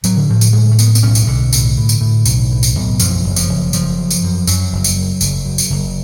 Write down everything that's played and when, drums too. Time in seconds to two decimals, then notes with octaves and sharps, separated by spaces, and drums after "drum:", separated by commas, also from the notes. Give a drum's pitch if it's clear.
0.04 A2 F#3, drum: tambourine
0.17 D3
0.30 A2 F3
0.41 drum: tambourine
0.53 A2 G#3
0.71 A3
0.79 A2 B3, drum: tambourine
0.95 B3, drum: tambourine
1.03 B1 C#4
1.15 drum: tambourine
1.27 B1 D3
1.53 A2, drum: tambourine
1.77 A2
1.89 drum: tambourine
2.01 A2
2.25 B1, drum: tambourine
2.51 A2
2.63 drum: tambourine
2.75 B1
3.00 F#2 F3, drum: tambourine
3.24 F#1
3.36 F3, drum: tambourine
3.49 F#1
3.73 F#1 F3, drum: tambourine
3.99 F#2
4.10 drum: tambourine
4.23 F#2
4.47 F#2 F#3, drum: tambourine
4.72 F#1
4.84 drum: tambourine
4.96 F#2
5.21 F#1, drum: tambourine
5.45 F#2
5.58 drum: tambourine
5.70 F#1